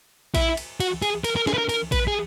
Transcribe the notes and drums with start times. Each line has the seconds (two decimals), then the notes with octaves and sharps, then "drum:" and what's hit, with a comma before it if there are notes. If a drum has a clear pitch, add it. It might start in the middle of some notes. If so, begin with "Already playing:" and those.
0.35 E4, drum: kick A#1, cymbal
0.57 drum: cymbal
0.80 F#4, drum: cymbal
1.02 G#4, drum: cymbal
1.24 A#4, drum: cymbal
1.36 A#4
1.47 G#4, drum: snare
1.54 B4
1.58 A#4
1.69 A#4, drum: cymbal
1.92 B4, drum: kick A#1, cymbal
2.07 G#4